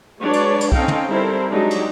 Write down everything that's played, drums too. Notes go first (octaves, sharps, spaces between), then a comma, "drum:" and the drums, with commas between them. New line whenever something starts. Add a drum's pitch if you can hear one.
F#3 G#3 D4 B4 C#5 D5
drum: cymbal
drum: cymbal
C4 C#4 D#4 A4 F5 G5, drum: kick
drum: tom
G3 C4 E4 A4 A#4 C5
F#3 G#3 D4 D#4 G4
drum: cymbal